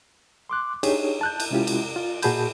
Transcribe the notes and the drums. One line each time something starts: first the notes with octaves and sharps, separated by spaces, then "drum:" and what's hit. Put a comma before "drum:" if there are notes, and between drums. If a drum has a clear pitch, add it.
C6 D6 F#6
D4 D#4 G4 G#4 C#5, drum: cymbal
A5 F#6 G6
drum: cymbal
C3 G#3 C#4 E4 F4 G4
drum: cymbal
F4
A#2 F#4 G#4 A5 B5 G6, drum: cymbal